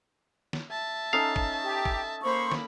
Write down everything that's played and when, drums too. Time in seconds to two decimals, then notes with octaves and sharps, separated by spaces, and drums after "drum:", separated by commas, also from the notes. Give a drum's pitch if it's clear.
0.53 drum: snare
0.70 E5 A5
1.13 C#4 D#4 A4 F5
1.36 drum: kick
1.64 G4
1.85 drum: kick
2.23 A#3 C5 B5 C#6
2.52 drum: snare